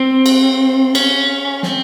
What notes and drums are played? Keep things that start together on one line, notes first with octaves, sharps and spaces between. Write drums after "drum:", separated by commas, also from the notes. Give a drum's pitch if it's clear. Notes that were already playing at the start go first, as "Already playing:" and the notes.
Already playing: C4
drum: cymbal
C#4, drum: cymbal
C4, drum: snare